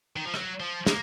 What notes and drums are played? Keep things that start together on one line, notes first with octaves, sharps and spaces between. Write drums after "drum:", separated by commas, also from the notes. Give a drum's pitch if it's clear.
D#3
F3
F#3, drum: rim click
F3
A#3, drum: snare